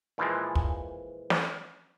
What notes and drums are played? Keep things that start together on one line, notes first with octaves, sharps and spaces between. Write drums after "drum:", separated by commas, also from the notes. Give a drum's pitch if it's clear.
A#2 E3 F3 G#3
drum: kick
drum: snare